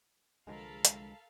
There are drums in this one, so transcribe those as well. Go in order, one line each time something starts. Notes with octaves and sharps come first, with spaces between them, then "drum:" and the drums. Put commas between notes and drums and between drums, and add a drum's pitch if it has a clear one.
C2 D3 F3 G#3 A4 A#4 F5 B5
drum: hi-hat